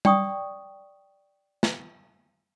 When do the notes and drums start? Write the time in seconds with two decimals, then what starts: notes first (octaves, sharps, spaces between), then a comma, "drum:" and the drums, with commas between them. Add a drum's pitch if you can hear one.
0.05 D5 G5 C#6 D#6, drum: tom G3
1.63 drum: snare